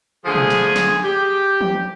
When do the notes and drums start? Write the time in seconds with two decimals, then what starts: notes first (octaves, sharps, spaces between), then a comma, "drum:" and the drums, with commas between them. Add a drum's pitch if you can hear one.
0.25 D3 F3 A3 G#4
0.35 drum: tom B2
0.50 drum: snare
0.76 drum: snare
1.03 G4
1.61 drum: tom E3